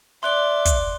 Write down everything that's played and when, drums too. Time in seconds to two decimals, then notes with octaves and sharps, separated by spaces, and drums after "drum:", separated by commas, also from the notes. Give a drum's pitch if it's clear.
0.23 D5 E5 C6 F#6 G7
0.65 drum: kick, hi-hat